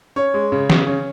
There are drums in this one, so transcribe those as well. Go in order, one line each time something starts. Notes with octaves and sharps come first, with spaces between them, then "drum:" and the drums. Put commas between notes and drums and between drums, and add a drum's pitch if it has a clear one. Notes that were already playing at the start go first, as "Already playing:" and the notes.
C#4 C#5
G#3
C#3
C#3, drum: snare
C#4